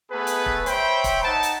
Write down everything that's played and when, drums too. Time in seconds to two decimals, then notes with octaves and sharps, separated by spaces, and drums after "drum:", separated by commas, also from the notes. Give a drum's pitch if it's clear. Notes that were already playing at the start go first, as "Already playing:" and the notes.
0.12 A3 B3 G#4 B4
0.27 drum: hi-hat
0.46 drum: kick
0.66 C5 C#5 E5 G5 B5, drum: hi-hat
1.04 drum: kick, hi-hat
1.23 D#4 F#5 A5
1.43 drum: hi-hat